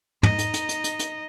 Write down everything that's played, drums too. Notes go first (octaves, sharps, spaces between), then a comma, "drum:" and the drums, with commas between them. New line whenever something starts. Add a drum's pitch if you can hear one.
D#4 D#5, drum: tom
drum: hi-hat
drum: hi-hat
drum: hi-hat
drum: hi-hat
drum: hi-hat